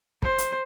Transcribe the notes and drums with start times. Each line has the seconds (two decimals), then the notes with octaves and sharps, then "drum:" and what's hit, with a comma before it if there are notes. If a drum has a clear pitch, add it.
0.23 C5, drum: kick
0.38 drum: hi-hat